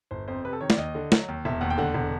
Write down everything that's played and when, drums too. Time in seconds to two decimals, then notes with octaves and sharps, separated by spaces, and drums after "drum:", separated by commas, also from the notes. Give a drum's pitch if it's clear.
0.11 G1 C5
0.28 F2 C5
0.45 C3 B4
0.53 A4
0.61 D#3 C#5
0.70 D5, drum: snare
0.77 D#2 D#5
0.95 D3
1.12 F#3, drum: snare
1.28 D#2
1.45 E1 E5
1.61 D#2 F#5
1.70 G5
1.78 D3 F#5
1.94 E1